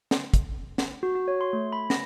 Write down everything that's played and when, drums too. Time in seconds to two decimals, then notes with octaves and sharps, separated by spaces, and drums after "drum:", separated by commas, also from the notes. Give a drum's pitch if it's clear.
0.11 drum: snare
0.34 drum: kick, hi-hat
0.78 drum: snare
1.03 F#4
1.15 F#4
1.28 C#5
1.41 C6
1.53 A3
1.73 B5
1.90 A#6, drum: snare